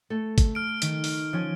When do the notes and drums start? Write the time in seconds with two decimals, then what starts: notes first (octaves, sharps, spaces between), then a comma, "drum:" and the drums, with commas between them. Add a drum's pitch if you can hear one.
0.10 A3 A4
0.38 drum: kick, hi-hat
0.55 F6 D7
0.82 D#3, drum: hi-hat
1.04 drum: open hi-hat
1.33 F3 C#4 G#5